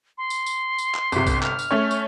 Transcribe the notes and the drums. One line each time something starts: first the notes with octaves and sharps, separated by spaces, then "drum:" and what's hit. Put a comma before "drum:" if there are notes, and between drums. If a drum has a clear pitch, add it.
C6
drum: tambourine
drum: tambourine
drum: tambourine
drum: clap
G1 C3, drum: tambourine
drum: kick B1, tambourine
F6, drum: clap
drum: tambourine
A3 C#4 C#5
drum: tambourine